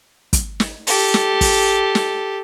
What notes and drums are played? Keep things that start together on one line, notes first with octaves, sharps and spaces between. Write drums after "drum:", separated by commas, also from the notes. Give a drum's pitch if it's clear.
drum: kick, hi-hat
drum: snare
G4 A4, drum: open hi-hat
drum: snare
drum: kick, open hi-hat
drum: snare